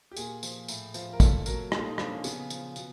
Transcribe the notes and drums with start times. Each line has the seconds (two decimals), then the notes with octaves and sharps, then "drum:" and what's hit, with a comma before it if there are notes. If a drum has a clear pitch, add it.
0.11 G4
0.16 A#2 G#4, drum: tambourine
0.43 F3, drum: tambourine
0.68 A2, drum: tambourine
0.94 F3, drum: tambourine
1.13 A#4
1.20 A#2 A4, drum: kick, tambourine
1.46 F#3 A#4, drum: tambourine
1.72 A#2 A4, drum: rim click
1.85 D#4
1.98 F3 D4, drum: rim click
2.11 C#4
2.24 C#3 B3, drum: tambourine
2.50 F3, drum: tambourine
2.76 B2, drum: tambourine